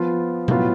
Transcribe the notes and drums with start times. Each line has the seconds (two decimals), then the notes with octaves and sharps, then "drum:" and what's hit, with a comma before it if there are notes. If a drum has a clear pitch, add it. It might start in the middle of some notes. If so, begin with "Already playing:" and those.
Already playing: F3 B3 F4
0.48 A2 F#3 B3 F4, drum: tom B2